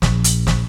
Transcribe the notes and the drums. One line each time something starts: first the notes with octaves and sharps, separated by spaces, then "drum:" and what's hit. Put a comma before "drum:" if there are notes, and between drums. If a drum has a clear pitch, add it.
A#1, drum: snare
drum: hi-hat
drum: snare